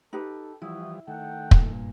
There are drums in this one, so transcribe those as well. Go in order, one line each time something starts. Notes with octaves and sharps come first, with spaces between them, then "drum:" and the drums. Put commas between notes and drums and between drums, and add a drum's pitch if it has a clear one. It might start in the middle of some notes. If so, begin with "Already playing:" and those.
D#4 G4 A4 B4
E3 F3 G3 E4 F#4 D#6
D#3 A3 F#5 G5
G2 A#2, drum: kick